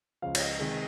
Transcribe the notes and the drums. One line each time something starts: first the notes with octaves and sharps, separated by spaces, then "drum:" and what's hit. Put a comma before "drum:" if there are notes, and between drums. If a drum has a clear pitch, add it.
C#2 C#3 F3 F5
C#5, drum: cymbal
D#5
C3 D#3 G#3